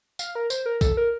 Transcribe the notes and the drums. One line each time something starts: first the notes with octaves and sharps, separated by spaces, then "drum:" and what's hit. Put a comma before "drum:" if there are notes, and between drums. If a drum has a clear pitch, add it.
F5, drum: tambourine
A#4
C5, drum: tambourine
A#4
A4, drum: kick B1, tambourine
A#4